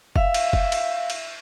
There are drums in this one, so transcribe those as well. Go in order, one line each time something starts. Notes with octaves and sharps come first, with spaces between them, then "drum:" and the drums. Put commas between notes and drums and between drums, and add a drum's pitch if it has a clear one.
E5 F5, drum: kick
drum: cymbal
drum: kick
drum: cymbal
drum: cymbal